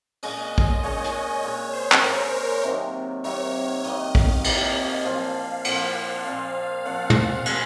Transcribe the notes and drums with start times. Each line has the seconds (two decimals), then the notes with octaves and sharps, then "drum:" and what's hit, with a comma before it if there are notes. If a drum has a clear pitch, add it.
0.23 A#2 G#3 C#4 D#5, drum: open hi-hat
0.58 drum: kick A1
0.83 A#2 G#3 C#4 C#5
1.04 drum: hi-hat
1.43 A#2 G#3 C#4 C#5
1.73 C5
1.92 drum: clap
2.04 A#2 G#3 C#4 A#4
2.63 C3 D#3 F#3 A#3
3.24 C3 D#3 F#3 A#3 C#5
3.84 C3 D#3 F#3 A#3 D#5
4.15 F5, drum: kick A1
4.44 C3 D#3 F#3 A#3, drum: cymbal
5.05 A#2 F3 C4 F4
5.65 A#2 F3 C4 F4 F#5, drum: cymbal
6.25 A#2 F3 C4 F4 F5
6.85 A#2 F3 C4 F4 F#5
7.10 drum: tom
7.46 A#2 G#3 C4 F4, drum: cymbal